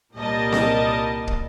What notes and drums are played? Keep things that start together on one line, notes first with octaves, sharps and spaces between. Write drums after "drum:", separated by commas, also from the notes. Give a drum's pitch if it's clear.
C2 A#2 G3 A#4 D#5 A5
drum: snare C4
drum: kick